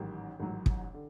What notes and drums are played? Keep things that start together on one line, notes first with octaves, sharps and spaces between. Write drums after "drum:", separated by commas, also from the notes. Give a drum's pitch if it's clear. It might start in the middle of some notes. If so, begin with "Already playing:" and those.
Already playing: A1 G#2 D#3 F#3 G4
A1 G#2 D#3 F#3
drum: kick
D3